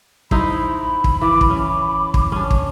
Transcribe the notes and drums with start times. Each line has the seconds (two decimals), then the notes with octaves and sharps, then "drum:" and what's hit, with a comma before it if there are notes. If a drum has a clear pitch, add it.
0.31 D#4 E4 C5 B5, drum: kick
1.04 drum: kick
1.21 E3 D6
1.41 drum: kick
1.50 C#4 D6
2.14 drum: kick
2.32 C#4 D4
2.51 drum: kick